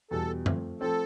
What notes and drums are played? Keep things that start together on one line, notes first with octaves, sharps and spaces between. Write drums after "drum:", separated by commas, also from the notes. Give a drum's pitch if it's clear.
E2 B2 G3 A4
F3 A3 C4, drum: tom F#2
F3 A3 C4 A4